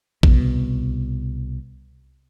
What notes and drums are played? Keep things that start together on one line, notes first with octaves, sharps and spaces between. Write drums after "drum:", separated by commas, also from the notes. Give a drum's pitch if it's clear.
C2 B2, drum: kick A1